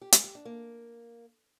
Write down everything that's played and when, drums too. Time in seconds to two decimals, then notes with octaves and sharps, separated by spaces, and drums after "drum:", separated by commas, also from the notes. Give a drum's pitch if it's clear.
0.01 G4
0.12 G#4, drum: hi-hat
0.24 G4
0.35 D4
0.45 A#3